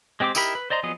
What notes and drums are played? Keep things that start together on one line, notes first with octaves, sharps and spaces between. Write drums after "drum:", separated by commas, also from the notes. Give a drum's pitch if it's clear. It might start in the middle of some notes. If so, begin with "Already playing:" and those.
G#3 C4 G4 C5 D6
D#4 E4 G4 A#4 B5, drum: tambourine
B4
C5 D5 D#5 A#5 C6
F3 F#3 B3 G#4 D#5